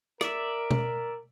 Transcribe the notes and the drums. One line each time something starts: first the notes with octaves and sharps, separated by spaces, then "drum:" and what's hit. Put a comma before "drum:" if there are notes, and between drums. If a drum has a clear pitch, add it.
A#4 D5 E5, drum: rim click
drum: tom B2